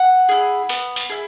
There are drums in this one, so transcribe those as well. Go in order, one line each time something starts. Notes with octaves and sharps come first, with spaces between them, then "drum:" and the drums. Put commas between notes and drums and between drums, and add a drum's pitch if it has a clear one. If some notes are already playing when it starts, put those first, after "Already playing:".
Already playing: F#5
E4 G#4
B3, drum: open hi-hat
drum: open hi-hat
E4 G#4